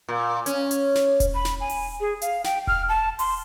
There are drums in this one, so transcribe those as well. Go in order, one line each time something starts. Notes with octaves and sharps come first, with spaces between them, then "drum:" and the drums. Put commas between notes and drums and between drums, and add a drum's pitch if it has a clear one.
A#2
C#4, drum: hi-hat
drum: hi-hat
drum: snare
drum: kick E1, hi-hat
B5
drum: snare
G#5
drum: open hi-hat
G#4
F5, drum: hi-hat
G5, drum: snare
F6, drum: kick E1
A5
C6, drum: open hi-hat